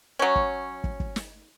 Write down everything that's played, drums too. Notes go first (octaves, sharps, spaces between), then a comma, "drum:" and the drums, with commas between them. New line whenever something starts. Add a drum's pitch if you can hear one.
F#3 C#4
drum: kick
drum: kick
drum: kick
drum: snare